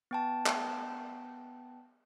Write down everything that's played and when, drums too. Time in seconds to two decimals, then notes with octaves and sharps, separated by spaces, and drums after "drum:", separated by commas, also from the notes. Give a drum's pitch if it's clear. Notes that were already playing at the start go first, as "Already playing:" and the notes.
0.11 B3 G5 A5
0.46 drum: clap